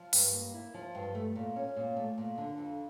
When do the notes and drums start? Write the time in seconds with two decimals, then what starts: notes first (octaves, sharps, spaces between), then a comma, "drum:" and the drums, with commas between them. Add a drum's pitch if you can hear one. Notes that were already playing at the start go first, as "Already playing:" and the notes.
Already playing: F3
0.13 G2, drum: open hi-hat
0.33 A#3
0.54 E4
0.74 F3
0.95 G2
1.15 A3
1.36 A#2
1.56 C#4
1.76 A#2
1.97 A3
2.18 A#2
2.38 D3
2.58 F2